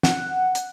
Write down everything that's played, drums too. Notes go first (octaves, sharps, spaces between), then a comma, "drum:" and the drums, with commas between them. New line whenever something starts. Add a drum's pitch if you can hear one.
F#5, drum: snare
drum: hi-hat